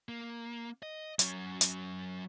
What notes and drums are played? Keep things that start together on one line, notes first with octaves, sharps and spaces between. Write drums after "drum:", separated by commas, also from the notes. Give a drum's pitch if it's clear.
A#3
D#5
F#3 C#4, drum: hi-hat
drum: hi-hat